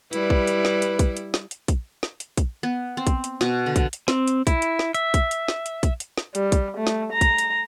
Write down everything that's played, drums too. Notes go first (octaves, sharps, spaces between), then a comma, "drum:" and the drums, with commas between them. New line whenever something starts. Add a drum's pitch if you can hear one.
G3 E4 B4, drum: hi-hat
drum: kick
drum: hi-hat
drum: snare
drum: hi-hat
drum: kick, hi-hat
drum: hi-hat
drum: snare
drum: hi-hat
drum: kick, hi-hat
drum: snare
drum: hi-hat
drum: kick, hi-hat
B3
C4
drum: kick, hi-hat
drum: hi-hat
B2, drum: snare
D3
drum: kick, hi-hat
drum: hi-hat
C4, drum: snare
drum: hi-hat
E4, drum: kick, hi-hat
drum: hi-hat
drum: snare
E5, drum: hi-hat
drum: kick, hi-hat
drum: hi-hat
drum: snare
drum: hi-hat
drum: kick, hi-hat
drum: hi-hat
drum: snare
G3, drum: hi-hat
drum: kick, hi-hat
A3
drum: snare
A#5
drum: kick, hi-hat
drum: hi-hat